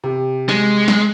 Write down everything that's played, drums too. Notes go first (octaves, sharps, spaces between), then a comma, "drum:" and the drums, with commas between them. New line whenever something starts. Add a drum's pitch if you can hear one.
C3
G#3, drum: snare
drum: snare